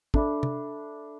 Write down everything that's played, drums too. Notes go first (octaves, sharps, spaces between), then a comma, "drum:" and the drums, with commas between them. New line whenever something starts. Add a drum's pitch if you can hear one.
D4 A4 E5 B5 D6, drum: kick
drum: tom C3